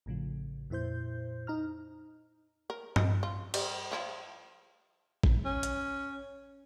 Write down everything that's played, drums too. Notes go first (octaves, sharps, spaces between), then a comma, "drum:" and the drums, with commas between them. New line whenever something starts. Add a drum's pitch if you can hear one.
A1 A2 C#3 F3
F2 A#2 E4 C5 G6
D#4 A#5 F6
A#4
D#5, drum: tom G2
F4
G3, drum: cymbal
F3 E4 F4
drum: kick A1
C#4
drum: hi-hat